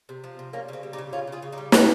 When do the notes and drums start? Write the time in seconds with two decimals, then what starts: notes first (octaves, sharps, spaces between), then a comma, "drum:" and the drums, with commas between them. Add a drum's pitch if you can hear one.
0.09 C3
0.24 F3
0.39 C3
0.53 G3 A#3 C#4
0.68 C#3 C4
0.83 G3
0.93 D#4 G4
0.98 C#3
1.13 C#3 C#4 F4
1.27 C#3
1.32 F4 G#4
1.42 C#3
1.52 D#4 G4
1.58 G3
1.72 G3 C4, drum: snare